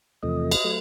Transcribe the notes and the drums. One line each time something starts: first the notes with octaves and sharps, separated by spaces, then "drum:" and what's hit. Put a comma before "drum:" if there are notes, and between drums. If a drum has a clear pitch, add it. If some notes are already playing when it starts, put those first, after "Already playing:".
E2 C3 F3 A3 D#5
drum: cymbal
F#3 A3